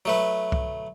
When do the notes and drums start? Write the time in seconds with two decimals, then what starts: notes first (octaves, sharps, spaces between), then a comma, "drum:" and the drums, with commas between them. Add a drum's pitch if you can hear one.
0.05 F#3 A3 B4
0.52 drum: kick C2